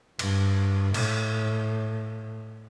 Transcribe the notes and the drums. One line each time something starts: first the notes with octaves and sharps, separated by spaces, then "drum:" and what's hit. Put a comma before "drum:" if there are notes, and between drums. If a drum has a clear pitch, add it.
G2, drum: cymbal
A2, drum: cymbal